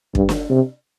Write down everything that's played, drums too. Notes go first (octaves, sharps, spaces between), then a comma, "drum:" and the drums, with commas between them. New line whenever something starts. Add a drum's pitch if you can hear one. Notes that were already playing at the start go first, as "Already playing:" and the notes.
G2, drum: kick
drum: snare
C3